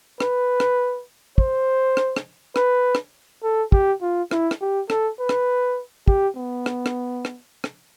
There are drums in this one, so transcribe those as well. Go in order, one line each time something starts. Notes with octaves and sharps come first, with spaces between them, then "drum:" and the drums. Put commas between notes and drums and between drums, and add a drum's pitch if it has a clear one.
B4, drum: rim click
drum: rim click
C5, drum: kick
drum: rim click
drum: rim click
B4, drum: rim click
drum: rim click
A4
G4, drum: kick
F4
E4, drum: rim click
drum: rim click
G4
A4, drum: rim click
B4
drum: rim click
G4, drum: kick
B3
drum: rim click
drum: rim click
drum: rim click
drum: rim click